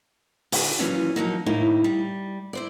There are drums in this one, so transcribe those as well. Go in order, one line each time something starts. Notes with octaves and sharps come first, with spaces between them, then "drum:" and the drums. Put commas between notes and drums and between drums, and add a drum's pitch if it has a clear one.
D3, drum: open hi-hat
A#2 D#3 E3 F#3 C#4 F4
F3 F#3 A#3 D#4
A2 D#3 A#3 D#4 E4
G3
E4 C5 D5